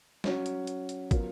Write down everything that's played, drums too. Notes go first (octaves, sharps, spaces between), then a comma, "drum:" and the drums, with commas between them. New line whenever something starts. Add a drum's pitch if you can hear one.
F#3 C#4 F#4, drum: snare
drum: hi-hat
drum: hi-hat
drum: hi-hat
F#3 B3 F4 A#4, drum: kick, hi-hat